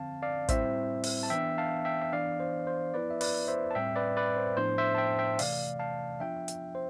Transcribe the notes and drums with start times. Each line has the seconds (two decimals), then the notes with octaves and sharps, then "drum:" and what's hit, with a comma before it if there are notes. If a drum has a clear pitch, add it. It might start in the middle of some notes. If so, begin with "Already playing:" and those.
Already playing: D3 F3 C4 F5 A5
0.22 D5 F5
0.49 A2 G3 C4 E4 C5 E5, drum: kick, hi-hat
1.04 drum: open hi-hat
1.23 A5
1.30 E3 B3 D4 E5 G5
1.58 F5 A5
1.85 E5 G5
2.02 E5
2.12 E3 B3 D4 D5 F5
2.40 C5
2.67 C5
2.93 F3 B3 E4 B4 D5
3.10 E5
3.21 B4 D5, drum: open hi-hat
3.48 C5 E5
3.71 A5
3.75 A2 G3 C4 E5 G5
3.96 B4 D5
4.17 B4 D5
4.36 C5
4.57 A2 F3 B3 D4 C5
4.78 C5 E5
4.95 A5
4.98 E5 G5
5.19 E5 G5
5.39 C3 E3 A3 D5 F5, drum: open hi-hat
5.79 F5 A5
6.20 F3 B3 D4 F4 E5 G5
6.48 drum: hi-hat
6.75 C5